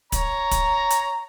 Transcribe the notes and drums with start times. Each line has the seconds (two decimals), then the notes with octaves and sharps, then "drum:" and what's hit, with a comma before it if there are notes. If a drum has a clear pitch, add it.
0.12 C#5 A#5, drum: kick, hi-hat
0.51 drum: kick, hi-hat
0.91 drum: hi-hat